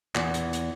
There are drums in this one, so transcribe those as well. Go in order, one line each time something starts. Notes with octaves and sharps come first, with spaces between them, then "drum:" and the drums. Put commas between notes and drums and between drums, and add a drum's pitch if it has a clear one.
E2, drum: clap
drum: hi-hat
drum: hi-hat